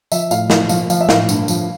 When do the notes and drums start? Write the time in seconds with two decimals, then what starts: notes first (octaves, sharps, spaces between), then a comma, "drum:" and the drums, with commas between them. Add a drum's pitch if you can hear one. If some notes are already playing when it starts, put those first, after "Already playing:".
0.12 F3 E5, drum: tambourine
0.31 A2 F5, drum: tambourine
0.50 F3 F5, drum: snare
0.69 F3 F5, drum: tambourine
0.90 F3 F5, drum: tambourine
1.01 E5
1.09 A2 F5, drum: snare
1.29 G2, drum: tambourine
1.48 F3, drum: tambourine